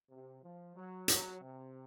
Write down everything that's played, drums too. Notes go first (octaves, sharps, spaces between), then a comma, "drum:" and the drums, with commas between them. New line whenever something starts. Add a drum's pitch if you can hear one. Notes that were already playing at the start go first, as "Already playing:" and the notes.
C3
F3
F#3
F#3, drum: hi-hat
C3